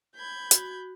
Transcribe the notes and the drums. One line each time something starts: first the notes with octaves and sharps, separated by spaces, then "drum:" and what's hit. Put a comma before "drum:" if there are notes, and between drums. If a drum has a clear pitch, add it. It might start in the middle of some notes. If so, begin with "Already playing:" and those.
B5 G6 G#6
F#4, drum: hi-hat